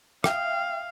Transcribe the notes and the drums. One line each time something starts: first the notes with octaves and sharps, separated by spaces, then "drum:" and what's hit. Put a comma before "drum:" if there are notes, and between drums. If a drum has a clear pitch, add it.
E5 F5 G5 D#6, drum: rim click